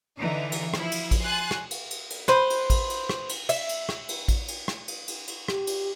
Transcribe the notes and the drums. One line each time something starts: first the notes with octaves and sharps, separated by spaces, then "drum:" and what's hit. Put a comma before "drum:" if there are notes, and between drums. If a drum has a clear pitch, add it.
D3 E3 D#4
drum: cymbal
F3 E4, drum: rim click
drum: cymbal
drum: kick A1, cymbal
G#5 C6 F#6 A6
drum: rim click
drum: cymbal
drum: cymbal
drum: cymbal
B4 C5, drum: rim click
drum: cymbal
drum: kick A1, cymbal
drum: cymbal
drum: rim click
drum: cymbal
E5, drum: cymbal
drum: cymbal
drum: rim click
drum: cymbal
drum: kick A1, cymbal
drum: cymbal
drum: rim click
drum: cymbal
drum: cymbal
drum: cymbal
G4, drum: rim click
drum: cymbal